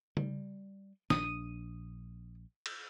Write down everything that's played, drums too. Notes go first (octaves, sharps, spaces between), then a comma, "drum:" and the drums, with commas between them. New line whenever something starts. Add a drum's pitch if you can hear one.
G3, drum: tom C#3
A#1 D4 D#6, drum: snare
drum: cymbal